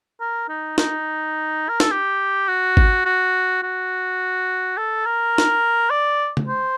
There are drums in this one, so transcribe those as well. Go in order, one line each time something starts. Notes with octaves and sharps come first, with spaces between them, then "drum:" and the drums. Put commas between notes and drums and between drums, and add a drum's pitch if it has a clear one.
A#4
D#4
D#4, drum: snare
A#4
A4, drum: snare
G4
F#4
drum: kick G#1
F#4
F#4
A4
A#4
drum: snare
D5
drum: tom C#3
C5